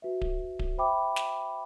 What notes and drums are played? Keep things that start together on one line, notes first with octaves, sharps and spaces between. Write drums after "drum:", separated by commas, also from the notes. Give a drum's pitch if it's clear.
F#4 B4 E5
drum: kick D1
drum: kick D1
C5 E5 G5 B5 D6
drum: snare